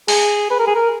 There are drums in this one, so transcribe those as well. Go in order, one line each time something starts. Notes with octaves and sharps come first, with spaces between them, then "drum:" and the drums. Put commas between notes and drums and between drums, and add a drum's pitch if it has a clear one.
G#4, drum: open hi-hat
B4
A#4
G#4
A#4